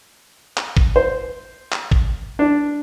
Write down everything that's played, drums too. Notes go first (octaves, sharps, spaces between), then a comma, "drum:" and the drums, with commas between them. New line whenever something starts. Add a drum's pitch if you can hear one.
drum: clap
drum: kick
C5
drum: clap
drum: kick
D4